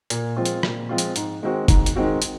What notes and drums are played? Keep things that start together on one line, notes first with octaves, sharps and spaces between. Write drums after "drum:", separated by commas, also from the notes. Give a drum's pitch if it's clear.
A#2, drum: hi-hat
F3 G#3 C4 F4
drum: hi-hat
A#2, drum: rim click
F3 G#3 C4 F4
drum: hi-hat
G#2, drum: hi-hat
D#3 G#3 C4 F#4
G#2, drum: kick, hi-hat
drum: hi-hat
D#3 G#3 C4 F#4
drum: hi-hat